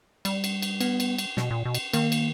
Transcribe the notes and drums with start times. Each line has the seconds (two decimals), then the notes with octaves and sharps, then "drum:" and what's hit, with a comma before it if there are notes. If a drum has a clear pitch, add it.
0.25 G3, drum: cymbal
0.44 drum: cymbal
0.62 drum: cymbal
0.81 B3, drum: cymbal
1.00 drum: cymbal
1.18 drum: cymbal
1.37 B2, drum: snare
1.51 A#2
1.65 B2
1.74 drum: cymbal
1.93 D#3 A#3, drum: cymbal
2.12 drum: cymbal